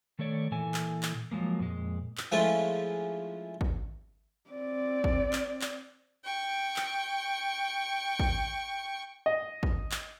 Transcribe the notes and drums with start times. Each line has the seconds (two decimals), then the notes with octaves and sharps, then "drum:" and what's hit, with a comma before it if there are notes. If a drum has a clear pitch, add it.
0.19 D#3 A3 A4 C#5 D5
0.52 A#2 E3 A4 G#5
0.74 drum: clap
1.03 drum: clap
1.31 F3 F#3 G#3 A#3
1.59 F2 A#2 G#3
2.17 drum: clap
2.32 F3 G#3 A3 C#4 E4 F4
3.61 drum: kick
4.51 C4 D5
5.04 drum: kick
5.33 drum: clap
5.61 drum: clap
6.24 G5 C#6
6.76 drum: clap
8.20 drum: kick
9.26 D#5
9.63 drum: kick
9.92 drum: clap